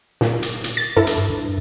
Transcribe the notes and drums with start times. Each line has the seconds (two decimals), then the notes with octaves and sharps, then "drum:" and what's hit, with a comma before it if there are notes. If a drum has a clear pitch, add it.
0.21 A#2, drum: snare
0.42 drum: hi-hat
0.64 drum: hi-hat
0.77 A6
0.97 G2 E4 A4
1.07 drum: hi-hat
1.30 G2